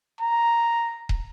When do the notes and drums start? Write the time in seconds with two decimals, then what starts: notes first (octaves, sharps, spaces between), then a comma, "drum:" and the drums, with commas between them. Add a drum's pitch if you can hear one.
0.21 A#5
1.09 drum: kick D#1